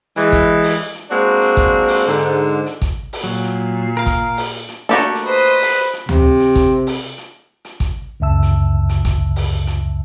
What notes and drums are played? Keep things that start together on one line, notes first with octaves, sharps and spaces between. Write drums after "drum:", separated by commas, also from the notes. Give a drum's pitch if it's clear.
E3 G#3, drum: hi-hat
drum: kick G#1, hi-hat
drum: open hi-hat
drum: hi-hat
G#3 A#3 C4 D4 F#4
drum: hi-hat
drum: kick G#1, hi-hat
drum: open hi-hat
G#2 D3
drum: hi-hat
drum: hi-hat
drum: kick G#1, hi-hat
drum: open hi-hat
A#2 F#3
drum: hi-hat
A#4 F5
drum: kick G#1, hi-hat
drum: open hi-hat
drum: hi-hat
A3 A#3 D4 F#4 G4 A4
drum: hi-hat
B4 C5 D#5 D#6
drum: open hi-hat
drum: hi-hat
C3, drum: tom D2
drum: hi-hat
drum: kick G#1, hi-hat
drum: open hi-hat
drum: hi-hat
drum: hi-hat
drum: kick G#1, hi-hat
C#2 F#2 C#3 E5 A5 E6
drum: hi-hat
drum: hi-hat
drum: kick G#1, hi-hat
drum: open hi-hat
drum: hi-hat